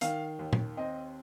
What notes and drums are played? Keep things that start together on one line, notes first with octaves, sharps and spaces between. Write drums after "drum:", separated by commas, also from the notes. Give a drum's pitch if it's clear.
D#3 F5, drum: hi-hat
D#2
drum: tom A#2
C4 D#5